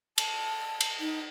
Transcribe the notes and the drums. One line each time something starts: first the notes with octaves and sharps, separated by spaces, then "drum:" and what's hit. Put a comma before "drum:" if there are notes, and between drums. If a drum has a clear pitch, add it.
A5, drum: cymbal
drum: cymbal
D#4